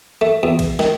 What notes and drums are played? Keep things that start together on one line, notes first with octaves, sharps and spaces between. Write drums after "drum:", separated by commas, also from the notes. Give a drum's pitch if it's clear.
A3
E2
drum: kick, cymbal
D#3, drum: snare